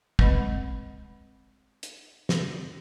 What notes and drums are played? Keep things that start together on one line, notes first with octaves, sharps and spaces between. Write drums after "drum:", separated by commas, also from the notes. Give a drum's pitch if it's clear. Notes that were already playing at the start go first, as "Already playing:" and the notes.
G#3 C4 B4 D#5 F#5 B5, drum: kick
drum: hi-hat
drum: snare